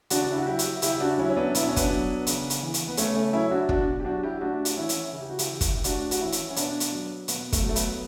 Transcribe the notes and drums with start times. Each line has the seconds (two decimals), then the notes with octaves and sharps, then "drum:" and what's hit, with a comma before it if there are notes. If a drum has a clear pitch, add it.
0.10 C#3 D4 F#4, drum: hi-hat
0.23 D4
0.31 E4
0.38 F#4
0.46 F#3 E4 G4
0.59 drum: hi-hat
0.82 C#3 E4 G4, drum: hi-hat
1.00 D4 F#4
1.18 F#3 C#4 E4
1.30 C#4
1.37 B3 D4
1.55 B2 E4, drum: hi-hat
1.62 D4
1.68 C#4
1.76 B3 D4, drum: kick, hi-hat
1.90 F#3
2.27 C#3, drum: hi-hat
2.50 drum: hi-hat
2.62 E3
2.74 drum: hi-hat
2.88 B3
2.97 C#3 A3 C#4, drum: hi-hat
3.16 A3 C#4
3.33 F#3 C#4 E4
3.51 D4 F#4
3.69 B2 D4 F#4, drum: kick
4.00 G4
4.05 F#3 D4 F#4
4.23 E4 G4
4.41 A2 D4 F#4
4.65 drum: hi-hat
4.77 E3 C#4 E4
4.89 drum: hi-hat
5.12 C#3
5.22 G4
5.30 F#4
5.39 E4 G4, drum: hi-hat
5.48 E3
5.61 drum: kick, hi-hat
5.76 G4
5.84 A2 D4 F#4, drum: hi-hat
6.11 F#4, drum: hi-hat
6.20 E3 C#4 E4
6.32 drum: hi-hat
6.51 C#4
6.56 B2 B3 D4, drum: hi-hat
6.80 drum: hi-hat
6.92 F#3
7.28 B2 B3, drum: hi-hat
7.52 A3, drum: kick, hi-hat
7.63 F#3
7.69 A3
7.76 B3, drum: hi-hat